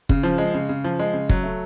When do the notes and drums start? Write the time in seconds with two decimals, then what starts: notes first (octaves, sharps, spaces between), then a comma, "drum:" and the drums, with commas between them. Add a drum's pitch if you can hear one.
0.09 C#3, drum: kick
0.23 F3
0.38 G#3
0.54 C#3
0.69 C#3
0.84 F3
0.99 G#3
1.13 C#3
1.29 F#3, drum: kick
1.43 A3